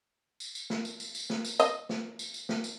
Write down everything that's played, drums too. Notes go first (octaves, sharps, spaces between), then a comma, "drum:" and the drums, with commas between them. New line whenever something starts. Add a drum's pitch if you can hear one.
drum: tambourine
drum: tambourine
drum: snare
drum: tambourine
drum: tambourine
drum: tambourine
drum: snare
drum: tambourine
D#5, drum: tambourine
drum: snare
drum: tambourine
drum: tambourine
drum: snare
drum: tambourine